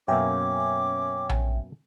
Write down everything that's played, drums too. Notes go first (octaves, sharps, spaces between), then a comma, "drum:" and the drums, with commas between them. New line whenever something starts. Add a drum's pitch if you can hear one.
F#2 B2 A#3 C#4 E5 G5 G#5 D6
drum: tom A#1